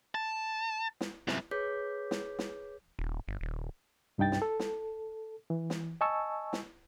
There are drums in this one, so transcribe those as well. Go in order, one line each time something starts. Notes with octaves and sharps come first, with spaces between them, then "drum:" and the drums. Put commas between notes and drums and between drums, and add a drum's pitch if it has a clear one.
A5
drum: snare
F#2 C3, drum: snare
G#4 B4 C#5 D6 G6 B6
drum: snare
drum: snare
D#1
G1
D#1
C2 G2 D#4 G5 A6
drum: snare
A4
drum: snare
E3
drum: snare
D#5 G#5 A5 C#6 E6
drum: snare